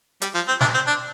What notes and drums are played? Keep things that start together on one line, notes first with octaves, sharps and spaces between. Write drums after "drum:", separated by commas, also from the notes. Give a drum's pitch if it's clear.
G3, drum: hi-hat
F3
C4
D4, drum: snare
C4
D4